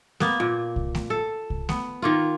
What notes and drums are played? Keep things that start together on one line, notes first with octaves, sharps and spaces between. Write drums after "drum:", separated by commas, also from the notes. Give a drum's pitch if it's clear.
A#3 B3, drum: snare A3
A#2
drum: kick C2
drum: snare A3
A4
drum: kick C2
B3, drum: snare A3
D#3 A#3 F4